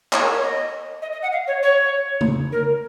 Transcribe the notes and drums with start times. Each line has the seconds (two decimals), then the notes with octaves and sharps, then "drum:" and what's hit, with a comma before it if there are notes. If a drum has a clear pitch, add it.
0.13 C#5, drum: clap
0.22 A#4
0.32 C#5
0.43 D#5
1.02 D#5
1.12 D#5
1.22 F#5
1.32 F5
1.47 C#5
1.62 C#5
2.21 drum: tom C#3
2.52 A#4